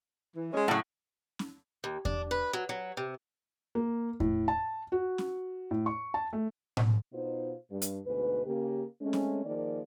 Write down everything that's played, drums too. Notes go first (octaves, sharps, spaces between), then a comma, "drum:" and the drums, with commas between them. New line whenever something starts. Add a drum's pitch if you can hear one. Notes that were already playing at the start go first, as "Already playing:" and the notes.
E3
G#3 C#4
A2 C#3 F#3 C#4 F#5
drum: snare C#4
D#2
D4, drum: kick E2
B4
F#3
F#3
C3
A#3
A2, drum: kick E2
A5
F#4
drum: snare C#4
A2
C#6
A5
A3
drum: tom A2
B2 D#4 F4 C5
G2
drum: hi-hat
D2 G#2 B2 B4
C#3 A#3 G4
G#3 A3 C4 C#4
drum: snare C#4
D#3 F3 A#3 G#4 D5